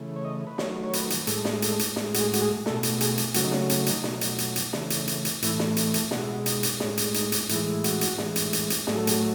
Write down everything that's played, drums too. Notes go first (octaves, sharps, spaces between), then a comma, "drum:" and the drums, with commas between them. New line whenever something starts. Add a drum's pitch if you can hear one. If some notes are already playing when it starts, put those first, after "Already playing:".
Already playing: C#3 E3 A3
C#5
D#5
B4
D#3 F#3 A3 C#5, drum: snare
C#5
B4, drum: hi-hat
drum: hi-hat
A2 G#3 A4, drum: hi-hat
drum: snare
A4, drum: hi-hat
drum: hi-hat
A2 G#3, drum: snare
F#4, drum: hi-hat
G#4
F#4, drum: hi-hat
G#4
B2 A3 A4, drum: snare
drum: hi-hat
G#4, drum: hi-hat
drum: hi-hat
C#3 F#3 A3 F#4, drum: hi-hat
D#4
C#4, drum: snare
C#4, drum: hi-hat
D#4, drum: hi-hat
B2 F#3 A3, drum: snare
drum: hi-hat
drum: hi-hat
drum: hi-hat
C#3 E3 A3, drum: snare
drum: hi-hat
drum: hi-hat
drum: hi-hat
A2 E3 A3 E4, drum: hi-hat
drum: snare
drum: hi-hat
drum: hi-hat
B2 G#3 F#4, drum: snare
E4
F#4
D#4, drum: hi-hat
drum: hi-hat
A2 G#3 C#4, drum: snare
drum: hi-hat
D#4, drum: hi-hat
drum: hi-hat
A2 E3 G#3 E4, drum: hi-hat
E4
F#4, drum: hi-hat
drum: hi-hat
A2 E3 G#3, drum: snare
drum: hi-hat
drum: hi-hat
drum: hi-hat
A2 F#3 A3 G#4, drum: snare
A4
G#4, drum: hi-hat